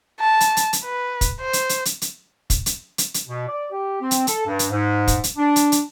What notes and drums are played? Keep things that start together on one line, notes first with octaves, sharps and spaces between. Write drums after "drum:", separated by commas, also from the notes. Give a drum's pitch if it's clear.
A5
drum: hi-hat
drum: hi-hat
drum: hi-hat
B4
drum: kick, hi-hat
C5
drum: hi-hat
drum: hi-hat
drum: hi-hat
drum: hi-hat
drum: kick, hi-hat
drum: hi-hat
drum: hi-hat
drum: hi-hat
B2
D5
G4
C4
drum: hi-hat
A4, drum: hi-hat
G2
drum: hi-hat
G#2
drum: kick, hi-hat
drum: hi-hat
D4
drum: hi-hat
drum: hi-hat